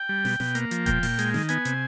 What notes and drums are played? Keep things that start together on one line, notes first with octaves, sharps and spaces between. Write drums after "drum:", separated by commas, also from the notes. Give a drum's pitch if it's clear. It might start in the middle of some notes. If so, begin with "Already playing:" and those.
Already playing: G5
G3
B2, drum: snare
B2, drum: snare
A#3, drum: hi-hat
F3, drum: hi-hat
A#2 G5, drum: kick D#1, hi-hat
A#2, drum: open hi-hat
G#3, drum: hi-hat
D#3, drum: snare
B3 G#5, drum: hi-hat
C3, drum: hi-hat